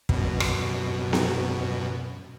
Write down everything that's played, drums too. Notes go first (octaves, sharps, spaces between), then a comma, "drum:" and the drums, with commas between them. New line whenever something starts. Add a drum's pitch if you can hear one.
F#2 B2, drum: kick
drum: rim click
drum: snare B3